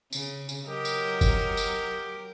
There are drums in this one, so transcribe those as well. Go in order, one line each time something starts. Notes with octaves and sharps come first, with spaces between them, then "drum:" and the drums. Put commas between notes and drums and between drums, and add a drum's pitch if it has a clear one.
C#3, drum: tambourine
drum: tambourine
F#3 G4 A#4 D#5
drum: tambourine
drum: kick F#1, tambourine
drum: tambourine